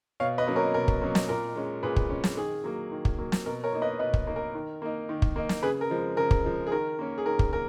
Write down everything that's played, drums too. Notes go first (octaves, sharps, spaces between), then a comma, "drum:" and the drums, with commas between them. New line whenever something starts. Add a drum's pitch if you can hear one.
B2 C#5 F5
B4 D#5
F#3 A#3 C#4
A#4 C#5
B2 A#4
drum: kick
F#3 A#3 C#4
drum: snare
A#2 A#4
G#3 C#4
A#2 G#4 B4
drum: kick
G#3 C#4
drum: snare
D#3 G#4
F#3 A#3
D#3
drum: kick
F#3 A#3
drum: snare
B2 A#4
A#4 C#5
A#3 D#4
B4 D#5
B2 B4 D#5
drum: kick
A#3 D#4
A#4
D#3
A#3 D#4
D#3
drum: kick
A#3 D#4
drum: snare
C#3 G#4 B4
A#4
F3 G#3
C#3 A#4
drum: kick
F3 G#3
G#4
D#3 A#4
A#3 C#4
G#4
D#3 A#4
drum: kick
A#3 A#4